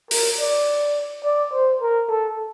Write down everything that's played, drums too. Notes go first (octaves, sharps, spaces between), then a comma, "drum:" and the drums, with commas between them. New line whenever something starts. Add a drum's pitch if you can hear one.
A#4, drum: open hi-hat
D5
D5
C5
A#4
A4